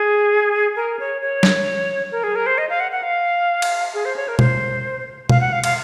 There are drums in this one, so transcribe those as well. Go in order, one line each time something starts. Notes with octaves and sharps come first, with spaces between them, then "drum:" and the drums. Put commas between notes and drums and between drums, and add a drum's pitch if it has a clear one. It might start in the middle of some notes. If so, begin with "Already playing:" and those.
Already playing: G#4
A#4
C#5
C#5
drum: snare
A#4
G#4
A#4
C5
D#5
F5
F#5
F#5
F5
drum: cymbal
G#4
C5
C#5
A#4
C5, drum: tom B2
F5, drum: tom B2
F#5
F5
F5, drum: cymbal